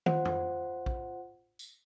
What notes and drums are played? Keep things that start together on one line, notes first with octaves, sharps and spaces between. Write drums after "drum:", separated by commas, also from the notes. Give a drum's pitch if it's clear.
F4 C5 F#5, drum: tom
drum: tom F2
drum: kick A#1
drum: tambourine